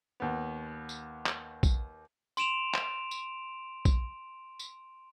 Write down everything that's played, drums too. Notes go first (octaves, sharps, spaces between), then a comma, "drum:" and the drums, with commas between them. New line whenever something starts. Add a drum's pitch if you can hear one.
D#2 B3
drum: tambourine
drum: clap
drum: kick A#1, tambourine
C6 D7 E7 F7, drum: tambourine
drum: clap
drum: tambourine
drum: kick A#1, tambourine
drum: tambourine